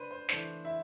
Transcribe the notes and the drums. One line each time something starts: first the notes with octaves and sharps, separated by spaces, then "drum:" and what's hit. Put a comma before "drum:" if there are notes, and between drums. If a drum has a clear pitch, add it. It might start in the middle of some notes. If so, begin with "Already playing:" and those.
Already playing: D4 B4 C5
C5
E3 A3 D4 C5, drum: snare
E4 E5